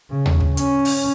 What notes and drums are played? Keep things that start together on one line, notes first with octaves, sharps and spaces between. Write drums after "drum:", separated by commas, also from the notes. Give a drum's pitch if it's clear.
C#3
drum: tom D#2
drum: kick
C#4, drum: hi-hat
drum: open hi-hat